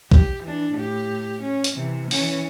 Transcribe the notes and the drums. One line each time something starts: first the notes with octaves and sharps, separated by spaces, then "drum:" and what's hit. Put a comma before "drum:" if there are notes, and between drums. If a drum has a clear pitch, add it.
G4, drum: kick B1
E3 D4
A2 G4
C#4
drum: hi-hat
C3 E3
E3 C#4, drum: open hi-hat